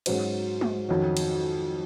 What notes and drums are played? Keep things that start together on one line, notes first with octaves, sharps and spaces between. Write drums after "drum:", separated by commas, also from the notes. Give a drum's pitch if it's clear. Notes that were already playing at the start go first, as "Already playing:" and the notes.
G#2 F#3 C#4 F#4 C5, drum: cymbal
drum: tom G#3
F2 D#3 F#3 C#4 F#4
drum: cymbal